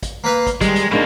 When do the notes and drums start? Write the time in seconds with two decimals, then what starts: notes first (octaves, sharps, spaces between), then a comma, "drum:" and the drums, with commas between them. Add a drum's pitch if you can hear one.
0.03 drum: kick, hi-hat
0.24 A#3 B4 F5
0.47 drum: kick, hi-hat
0.61 D#3 G3 G#3, drum: kick, hi-hat
0.76 drum: hi-hat
0.91 B2 G#3 A#3 D4 D#4